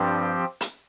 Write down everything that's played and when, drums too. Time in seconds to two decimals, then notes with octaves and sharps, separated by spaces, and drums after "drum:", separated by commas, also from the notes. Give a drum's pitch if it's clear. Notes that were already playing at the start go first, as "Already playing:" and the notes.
Already playing: G2 F3 C4 G4
0.61 drum: hi-hat